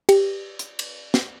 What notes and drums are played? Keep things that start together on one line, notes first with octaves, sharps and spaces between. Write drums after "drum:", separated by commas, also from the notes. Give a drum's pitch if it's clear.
G4, drum: cymbal
drum: hi-hat
drum: cymbal
drum: snare